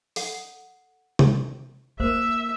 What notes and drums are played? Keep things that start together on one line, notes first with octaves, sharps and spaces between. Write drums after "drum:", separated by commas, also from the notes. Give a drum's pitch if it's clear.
A4 F#5, drum: open hi-hat
drum: tom C3
A#3 A#4 C5 E5